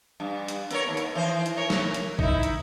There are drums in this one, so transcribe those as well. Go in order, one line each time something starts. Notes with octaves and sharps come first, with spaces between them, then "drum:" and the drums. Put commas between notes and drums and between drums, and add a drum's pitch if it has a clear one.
G2
drum: hi-hat
B3 A#4 C#5, drum: hi-hat
D#2
drum: hi-hat
E3 C5
drum: hi-hat
A#4 C#5
drum: snare
drum: hi-hat
D#4 E4, drum: kick A#1
drum: hi-hat